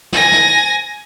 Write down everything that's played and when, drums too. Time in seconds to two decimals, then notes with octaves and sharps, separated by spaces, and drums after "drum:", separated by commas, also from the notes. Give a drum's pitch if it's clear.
0.12 G#5 A#6, drum: snare
0.32 drum: snare